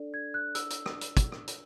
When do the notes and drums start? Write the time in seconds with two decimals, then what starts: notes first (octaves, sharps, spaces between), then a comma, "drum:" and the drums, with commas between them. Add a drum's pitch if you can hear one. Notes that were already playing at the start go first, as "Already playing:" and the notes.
Already playing: D4 A4 D5
0.14 G#6
0.34 F#6
0.55 E6, drum: hi-hat
0.70 drum: hi-hat
0.86 drum: rim click
1.01 drum: hi-hat
1.17 drum: kick, hi-hat
1.32 drum: rim click
1.48 drum: hi-hat